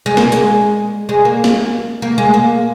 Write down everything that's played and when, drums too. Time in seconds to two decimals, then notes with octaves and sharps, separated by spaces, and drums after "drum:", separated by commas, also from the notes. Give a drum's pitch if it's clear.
0.06 G#3
0.17 A#3, drum: snare
0.32 G#3, drum: hi-hat
1.09 G#3
1.25 A#3
1.44 drum: snare
2.02 A#3
2.18 G#3
2.34 A#3